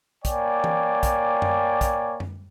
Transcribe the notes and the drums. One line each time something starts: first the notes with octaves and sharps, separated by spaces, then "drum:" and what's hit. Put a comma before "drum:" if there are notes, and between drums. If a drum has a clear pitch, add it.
A#3 C#5 D5 G5 G#5, drum: kick, hi-hat
drum: tom E3
drum: kick, hi-hat
drum: tom F#2
drum: kick, hi-hat
drum: tom F#2